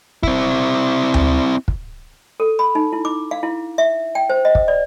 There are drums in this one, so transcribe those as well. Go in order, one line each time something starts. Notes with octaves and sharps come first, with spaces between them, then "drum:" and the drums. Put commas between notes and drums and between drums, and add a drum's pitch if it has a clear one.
C4 E4, drum: kick
drum: tom D2
drum: kick
A4
B5
D#4
E4
D6
F5
E4
E5
G5
C5
D#5
drum: kick
D5